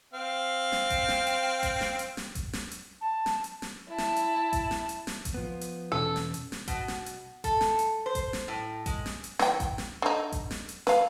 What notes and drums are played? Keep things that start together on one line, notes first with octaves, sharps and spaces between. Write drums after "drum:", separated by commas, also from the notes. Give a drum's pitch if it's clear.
C4 F5
drum: snare
drum: kick A1, hi-hat
drum: snare
drum: hi-hat
drum: kick A1, hi-hat
drum: snare
drum: hi-hat
drum: snare
drum: kick A1, hi-hat
drum: snare
drum: hi-hat
A5
drum: snare
drum: hi-hat
drum: snare
E4 A5
drum: snare
drum: hi-hat
drum: kick A1, hi-hat
drum: snare
drum: hi-hat
drum: snare
drum: kick A1, hi-hat
F3 B3
drum: hi-hat
E2 B2 C#4 A4
drum: snare
drum: hi-hat
drum: snare
B2, drum: kick A1, hi-hat
drum: snare
drum: hi-hat
A4, drum: kick A1, hi-hat
drum: snare
drum: hi-hat
C5
drum: kick A1, hi-hat
drum: snare
A2
G#3, drum: kick A1, hi-hat
drum: snare
drum: hi-hat
E3 G5, drum: snare
drum: kick A1, hi-hat
drum: snare
D3 D#4
drum: kick A1, hi-hat
drum: snare
drum: hi-hat
B4 F5, drum: snare